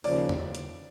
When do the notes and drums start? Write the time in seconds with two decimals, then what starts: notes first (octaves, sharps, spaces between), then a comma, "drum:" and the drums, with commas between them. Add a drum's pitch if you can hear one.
0.04 D#2 C#3 F3 D5, drum: open hi-hat
0.29 drum: tom E2
0.55 drum: hi-hat